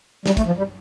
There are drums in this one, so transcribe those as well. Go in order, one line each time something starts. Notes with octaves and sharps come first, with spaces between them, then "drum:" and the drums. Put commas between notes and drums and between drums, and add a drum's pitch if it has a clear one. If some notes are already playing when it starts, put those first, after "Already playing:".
G3, drum: snare
A3, drum: kick, hi-hat
F3
G3